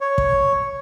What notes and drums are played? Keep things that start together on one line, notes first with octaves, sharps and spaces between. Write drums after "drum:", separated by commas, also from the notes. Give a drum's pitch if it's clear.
C#5
drum: kick